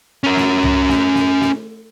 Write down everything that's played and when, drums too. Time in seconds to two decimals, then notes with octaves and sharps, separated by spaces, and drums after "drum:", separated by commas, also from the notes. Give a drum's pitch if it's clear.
0.24 C#4 A#4
0.37 drum: snare
0.63 drum: tom C2
0.89 drum: snare
1.15 drum: snare
1.41 drum: snare